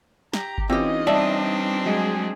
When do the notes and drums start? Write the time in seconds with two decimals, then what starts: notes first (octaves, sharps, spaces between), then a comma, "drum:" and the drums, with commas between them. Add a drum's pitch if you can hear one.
0.33 G4 A#5, drum: snare
0.58 drum: kick G1
0.69 E3 C4 C#4 D#4 F4 G4 D#5
1.07 G3 C4 D4 D5 E5 A5
1.86 F#3 G#3 G#4 D#5